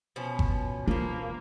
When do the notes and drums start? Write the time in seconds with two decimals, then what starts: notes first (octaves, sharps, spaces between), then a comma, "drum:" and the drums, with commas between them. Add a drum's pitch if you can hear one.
0.16 B2 F3 C#4
0.39 drum: kick G1
0.88 B2 F3 A#3 F4